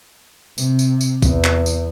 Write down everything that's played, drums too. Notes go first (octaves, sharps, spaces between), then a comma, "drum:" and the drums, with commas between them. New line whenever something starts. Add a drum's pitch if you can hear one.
C3, drum: tambourine
drum: tambourine
drum: tambourine
E2, drum: kick, tambourine
drum: clap
drum: tambourine